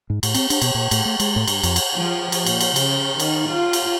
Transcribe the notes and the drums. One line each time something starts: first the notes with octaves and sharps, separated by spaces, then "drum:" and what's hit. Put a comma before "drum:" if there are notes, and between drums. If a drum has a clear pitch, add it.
G#2
A2, drum: cymbal
C4, drum: cymbal
D4, drum: cymbal
B2, drum: cymbal
A#2
A2, drum: cymbal
A3
G#3, drum: cymbal
A2
G2, drum: cymbal
F2, drum: cymbal
drum: cymbal
F3
drum: cymbal
A#2, drum: cymbal
drum: cymbal
C#3, drum: cymbal
D#3, drum: cymbal
F4
drum: cymbal